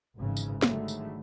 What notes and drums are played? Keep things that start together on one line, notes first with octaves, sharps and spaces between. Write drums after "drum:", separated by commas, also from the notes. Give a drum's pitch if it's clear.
G#1 G#2 C#3 E3
drum: tambourine
G#2 D3 D#3 F#3 G3 A3, drum: snare
drum: tambourine